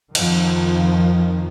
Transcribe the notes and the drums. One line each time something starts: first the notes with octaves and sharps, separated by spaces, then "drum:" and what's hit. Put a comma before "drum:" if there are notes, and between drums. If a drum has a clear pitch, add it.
F2 D#3 F3, drum: cymbal